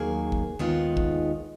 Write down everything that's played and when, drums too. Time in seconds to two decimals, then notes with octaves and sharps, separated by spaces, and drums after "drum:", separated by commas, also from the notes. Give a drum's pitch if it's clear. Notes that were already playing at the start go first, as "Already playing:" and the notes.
Already playing: D#2 D#3 F#3 A#3 G#4
0.32 drum: kick A#1
0.59 D#2 D#3 G#3 B3 F4
0.97 drum: kick A#1